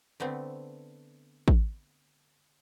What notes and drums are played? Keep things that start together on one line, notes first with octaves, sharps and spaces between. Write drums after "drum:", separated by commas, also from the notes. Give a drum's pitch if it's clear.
D3 A3 B3 C4
drum: kick A1